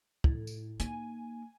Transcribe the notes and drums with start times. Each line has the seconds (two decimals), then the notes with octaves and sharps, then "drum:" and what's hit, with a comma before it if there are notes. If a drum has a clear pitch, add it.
0.24 A2, drum: kick
0.47 drum: tambourine
0.80 A#3 D#4 G#5, drum: hi-hat